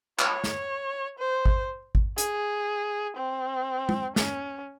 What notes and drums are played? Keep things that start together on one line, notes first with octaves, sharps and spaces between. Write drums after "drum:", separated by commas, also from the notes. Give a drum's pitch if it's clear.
C#5, drum: clap
drum: snare
C5
drum: kick G#1
drum: kick G#1
G#4, drum: hi-hat
C4
drum: tom G#3
C#4, drum: snare